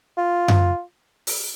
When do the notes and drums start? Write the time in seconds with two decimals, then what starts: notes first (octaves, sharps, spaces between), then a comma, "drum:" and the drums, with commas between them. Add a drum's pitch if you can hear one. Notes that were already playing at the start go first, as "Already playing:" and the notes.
0.17 F4
0.48 drum: tom F#2
1.27 drum: open hi-hat